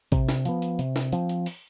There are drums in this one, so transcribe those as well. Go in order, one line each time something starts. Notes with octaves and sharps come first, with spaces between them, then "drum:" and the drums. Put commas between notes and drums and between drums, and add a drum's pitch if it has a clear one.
C3, drum: kick, hi-hat
drum: snare
F3 B3, drum: hi-hat
drum: hi-hat
C3, drum: hi-hat
drum: snare
F3 C4, drum: hi-hat
drum: hi-hat
drum: open hi-hat